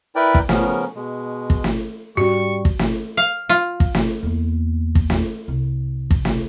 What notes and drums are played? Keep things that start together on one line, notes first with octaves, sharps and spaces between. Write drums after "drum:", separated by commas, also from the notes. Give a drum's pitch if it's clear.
E4 A#4 B4 D5 G5
drum: kick
C#3 F3 B3 C#4 A#4, drum: snare
B2 G#3
drum: kick
drum: snare
G#2 G3 C#4 F#4 C#6
drum: kick
drum: snare
F5
F4
drum: kick
drum: snare
E2 A#3
drum: kick
drum: snare
C2
drum: kick
drum: snare